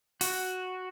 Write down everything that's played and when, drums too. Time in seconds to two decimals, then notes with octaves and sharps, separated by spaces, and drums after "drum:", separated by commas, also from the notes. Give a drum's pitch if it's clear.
0.21 F#4, drum: open hi-hat